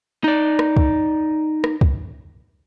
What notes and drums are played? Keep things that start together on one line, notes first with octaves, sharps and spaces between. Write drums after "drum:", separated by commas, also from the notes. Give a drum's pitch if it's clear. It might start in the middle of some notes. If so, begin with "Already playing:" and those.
D#4 D5
drum: rim click
drum: kick
drum: rim click
drum: kick